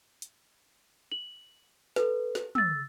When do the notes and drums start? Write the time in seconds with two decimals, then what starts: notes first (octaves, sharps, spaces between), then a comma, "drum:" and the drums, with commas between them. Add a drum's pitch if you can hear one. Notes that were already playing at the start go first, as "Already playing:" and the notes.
0.22 drum: hi-hat
1.12 F#7
1.96 A4 B4, drum: snare
2.35 drum: snare
2.55 E6 A6, drum: tom